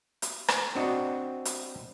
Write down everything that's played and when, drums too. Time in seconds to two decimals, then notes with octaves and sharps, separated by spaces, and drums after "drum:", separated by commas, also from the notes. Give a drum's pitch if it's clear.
0.22 drum: hi-hat
0.48 drum: rim click
0.75 C4 D4 F#4 D#5
1.45 drum: hi-hat